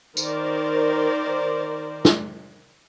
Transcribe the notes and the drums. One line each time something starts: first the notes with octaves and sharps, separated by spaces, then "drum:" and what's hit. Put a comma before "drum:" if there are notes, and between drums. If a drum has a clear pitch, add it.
D#3 A#4 C5 D5, drum: tambourine
drum: snare